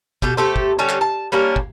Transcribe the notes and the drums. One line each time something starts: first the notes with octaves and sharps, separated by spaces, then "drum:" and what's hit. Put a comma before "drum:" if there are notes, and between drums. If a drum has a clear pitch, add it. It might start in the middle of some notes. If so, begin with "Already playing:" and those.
B2 G4 A4, drum: kick
A3 G4 A4 C5
drum: kick
D3 G3 C#4 A5
drum: clap
A5
G3 A#3 C#4 D4
drum: kick